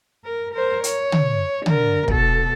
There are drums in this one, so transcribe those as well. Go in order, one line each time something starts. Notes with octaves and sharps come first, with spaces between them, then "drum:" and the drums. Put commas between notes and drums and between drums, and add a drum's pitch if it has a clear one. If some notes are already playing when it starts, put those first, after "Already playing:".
A#4
A#4 C5
C#5, drum: hi-hat
drum: tom
D3 A#4, drum: tom
B2 A4, drum: kick